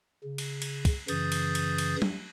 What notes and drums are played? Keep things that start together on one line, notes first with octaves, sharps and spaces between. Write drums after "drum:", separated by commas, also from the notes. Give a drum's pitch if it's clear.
C#3
drum: cymbal
drum: cymbal
drum: kick, cymbal
F#2 C#3 E3 D#6 G6 A6, drum: cymbal
drum: cymbal
drum: cymbal
drum: cymbal
drum: tom F#3